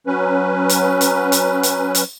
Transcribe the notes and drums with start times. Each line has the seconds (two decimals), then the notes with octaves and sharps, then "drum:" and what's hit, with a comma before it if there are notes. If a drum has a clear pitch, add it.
0.07 F#3 C#4 B4
0.69 drum: hi-hat
1.01 drum: hi-hat
1.32 drum: hi-hat
1.63 drum: hi-hat
1.95 drum: hi-hat